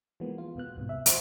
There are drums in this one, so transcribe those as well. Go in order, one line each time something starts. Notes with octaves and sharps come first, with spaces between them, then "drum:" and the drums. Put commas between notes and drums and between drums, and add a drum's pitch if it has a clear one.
E3 F3 G#3 A#3 B3
F4
E2 B2 B3 F#6
C2 G#2 C3
E5
E2 B2 C5 F#5 C6 C#6, drum: hi-hat